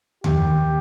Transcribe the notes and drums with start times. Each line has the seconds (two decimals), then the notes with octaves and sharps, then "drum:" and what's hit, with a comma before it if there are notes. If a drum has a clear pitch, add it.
0.24 D#2 G4, drum: tom E2